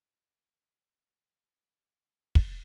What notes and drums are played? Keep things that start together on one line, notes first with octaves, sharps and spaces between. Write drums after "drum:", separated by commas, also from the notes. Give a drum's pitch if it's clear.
F5
D#4 C#6
F5
drum: kick